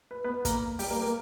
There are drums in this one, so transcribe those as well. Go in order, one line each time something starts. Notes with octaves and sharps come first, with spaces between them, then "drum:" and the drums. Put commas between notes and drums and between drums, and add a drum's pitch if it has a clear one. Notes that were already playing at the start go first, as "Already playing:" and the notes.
B4
B3 B4
A#3 A#4, drum: kick, hi-hat
G3 G4, drum: open hi-hat
A#3 A#4
A#3 A#4